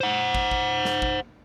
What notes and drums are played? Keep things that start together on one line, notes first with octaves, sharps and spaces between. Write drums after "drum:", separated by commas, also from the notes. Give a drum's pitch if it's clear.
C5 F#5
drum: kick
drum: kick
drum: snare
drum: kick